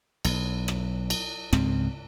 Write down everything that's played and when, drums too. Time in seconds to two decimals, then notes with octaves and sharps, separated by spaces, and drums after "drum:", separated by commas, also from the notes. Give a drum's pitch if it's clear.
0.25 B1, drum: cymbal
0.68 drum: rim click
1.10 drum: cymbal
1.53 C#2 G#2 C#3 C4, drum: rim click